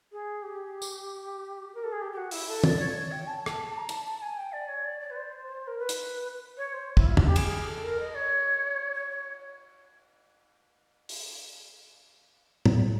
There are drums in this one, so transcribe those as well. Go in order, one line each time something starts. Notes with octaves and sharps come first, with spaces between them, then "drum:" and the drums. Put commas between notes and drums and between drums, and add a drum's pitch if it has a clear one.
G#4
G4
drum: tambourine
A#4
A4
G#4
G4
G4
F#4
E4, drum: open hi-hat
A4
D5, drum: tom
C#5
C#5
G5
A5
drum: rim click
A#5
A5, drum: hi-hat
A5
G#5
G5
D5
C#5
D5
D5
B4
C5
C5
A#4
B4
drum: hi-hat
C#5
C5
E4, drum: kick
F4
F#4, drum: tom
G4
G#4, drum: cymbal
A4
A#4
D#5
C#5
C#5
C#5
drum: open hi-hat
drum: tom